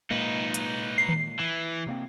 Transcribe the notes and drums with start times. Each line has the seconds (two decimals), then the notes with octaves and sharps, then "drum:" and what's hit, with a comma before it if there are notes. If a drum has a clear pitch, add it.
0.11 A#2 G#3 A#3 D#4 B4
0.54 drum: hi-hat
0.98 C7
1.09 drum: tom D#3
1.40 E3
1.87 C3 A#3 C4